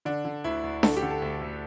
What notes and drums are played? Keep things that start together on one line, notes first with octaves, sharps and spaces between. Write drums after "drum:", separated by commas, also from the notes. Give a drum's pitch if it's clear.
D3 D4
D3
D2 E4
D2
D3 A4, drum: snare D4
G4
D3
A4
D2
D2